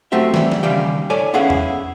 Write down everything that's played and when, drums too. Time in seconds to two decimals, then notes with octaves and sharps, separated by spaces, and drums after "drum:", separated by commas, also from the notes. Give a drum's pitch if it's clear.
0.12 F#3 A3 C4 G4 E5
0.34 E3 G3, drum: snare
0.52 drum: snare
0.63 D#2 C#3 G3 D5 F5 G5
1.10 A4 C#5 D5 G#5
1.34 B3 C#4 E4 G#4 F5 F#5
1.50 drum: tom E2